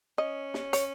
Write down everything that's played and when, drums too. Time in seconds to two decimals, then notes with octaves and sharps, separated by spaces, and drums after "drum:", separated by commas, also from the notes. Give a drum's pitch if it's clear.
0.18 C#4 D#5
0.54 drum: snare
0.73 C#5, drum: hi-hat